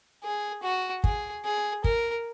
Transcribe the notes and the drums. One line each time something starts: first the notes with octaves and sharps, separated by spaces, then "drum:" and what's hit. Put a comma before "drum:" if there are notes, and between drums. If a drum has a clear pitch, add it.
G#4
F#4
G#4, drum: kick
G#4
A#4, drum: kick